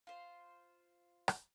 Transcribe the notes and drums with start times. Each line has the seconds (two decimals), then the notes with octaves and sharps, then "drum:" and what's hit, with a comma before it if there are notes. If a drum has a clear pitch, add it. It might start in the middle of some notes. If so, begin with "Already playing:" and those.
0.07 F4 C5
1.28 drum: rim click